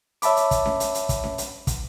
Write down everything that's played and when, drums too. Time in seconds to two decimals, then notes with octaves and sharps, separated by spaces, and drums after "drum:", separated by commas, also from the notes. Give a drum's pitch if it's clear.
0.22 C#5 E5 A5 B5 D6, drum: hi-hat
0.37 drum: hi-hat
0.51 drum: kick, hi-hat
0.66 drum: snare C#4
0.80 drum: hi-hat
0.95 drum: hi-hat
1.09 drum: kick, hi-hat
1.24 drum: snare C#4
1.38 drum: hi-hat
1.67 drum: kick, hi-hat